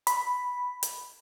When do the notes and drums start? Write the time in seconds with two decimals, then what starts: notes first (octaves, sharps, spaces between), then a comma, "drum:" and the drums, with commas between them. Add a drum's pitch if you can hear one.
0.07 B5, drum: hi-hat
0.83 drum: hi-hat